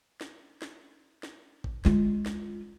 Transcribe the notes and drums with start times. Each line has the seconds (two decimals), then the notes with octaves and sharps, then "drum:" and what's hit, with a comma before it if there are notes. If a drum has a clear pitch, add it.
0.21 drum: snare
0.62 drum: snare
1.23 drum: snare
1.64 drum: kick
1.85 G#3 F4, drum: snare
2.26 drum: snare